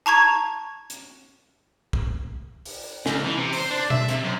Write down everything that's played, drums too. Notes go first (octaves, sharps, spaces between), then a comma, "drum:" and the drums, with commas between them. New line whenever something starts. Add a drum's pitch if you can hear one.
A5 A#5 C#6 G#6
drum: hi-hat
drum: kick
drum: open hi-hat
C#2, drum: snare
E3
C3
C5, drum: open hi-hat
D4
E5, drum: tom B2
C3, drum: hi-hat
F#2